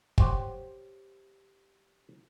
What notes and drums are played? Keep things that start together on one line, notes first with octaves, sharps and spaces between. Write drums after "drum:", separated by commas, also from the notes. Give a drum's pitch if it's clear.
G4 C5 C#5 F#5, drum: kick